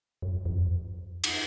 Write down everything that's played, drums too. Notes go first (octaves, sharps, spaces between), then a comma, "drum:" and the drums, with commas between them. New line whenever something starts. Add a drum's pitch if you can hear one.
F#2
F2
drum: cymbal